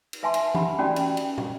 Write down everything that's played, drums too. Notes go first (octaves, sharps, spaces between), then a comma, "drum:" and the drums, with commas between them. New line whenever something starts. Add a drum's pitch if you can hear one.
drum: cymbal
B4 E5 G#5 A5 C6
drum: cymbal
G4 F#5 B5, drum: tom E3
C#4 F#4 D5 G5 A5 B5
drum: cymbal
drum: cymbal
drum: tom